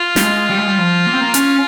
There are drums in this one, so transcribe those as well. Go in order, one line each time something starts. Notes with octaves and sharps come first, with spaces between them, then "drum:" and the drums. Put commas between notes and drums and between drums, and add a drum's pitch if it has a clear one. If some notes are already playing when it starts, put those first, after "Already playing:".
Already playing: F4
G3, drum: snare
G#3
G3
G#3
G3
F3
A#3
C4
A#3
C#4, drum: hi-hat